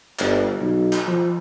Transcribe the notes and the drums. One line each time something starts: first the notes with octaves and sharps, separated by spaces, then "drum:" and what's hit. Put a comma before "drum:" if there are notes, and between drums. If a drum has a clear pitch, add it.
G1, drum: clap
B1
drum: clap
F3